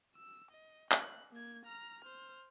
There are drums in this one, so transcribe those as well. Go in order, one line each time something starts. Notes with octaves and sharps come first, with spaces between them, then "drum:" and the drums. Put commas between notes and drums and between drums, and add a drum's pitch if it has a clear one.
E6
D#5
F#6, drum: clap
A#3 G#6
A#5 F6
C5 F6